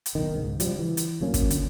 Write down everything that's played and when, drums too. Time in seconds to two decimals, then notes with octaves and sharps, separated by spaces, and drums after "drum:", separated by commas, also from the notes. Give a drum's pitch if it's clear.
0.06 drum: hi-hat
0.15 B1 D#3
0.35 C#2 G#2
0.60 F3 G3, drum: hi-hat
0.79 E3
0.97 drum: hi-hat
1.21 G1 F#3 A#3 C#4
1.34 drum: kick, hi-hat
1.50 D3, drum: hi-hat